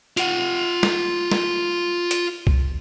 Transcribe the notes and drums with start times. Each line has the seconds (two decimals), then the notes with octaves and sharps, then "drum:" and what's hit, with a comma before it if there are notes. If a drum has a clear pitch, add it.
0.17 F4 F#5, drum: hi-hat
0.83 drum: snare
1.32 drum: snare
2.11 drum: hi-hat
2.47 drum: kick C2